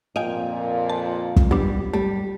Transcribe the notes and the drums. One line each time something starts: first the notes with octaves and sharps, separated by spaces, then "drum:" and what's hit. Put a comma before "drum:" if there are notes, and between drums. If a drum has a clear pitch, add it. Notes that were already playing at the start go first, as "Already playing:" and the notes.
F2 A#2 D#5 F5 G5 G#5
A5
drum: kick
F#3 G3 B3 D4
G3 A3